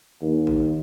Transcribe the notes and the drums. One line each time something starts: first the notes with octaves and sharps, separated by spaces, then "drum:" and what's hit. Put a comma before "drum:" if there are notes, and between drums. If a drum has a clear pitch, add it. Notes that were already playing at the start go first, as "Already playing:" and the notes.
D#2
drum: kick A1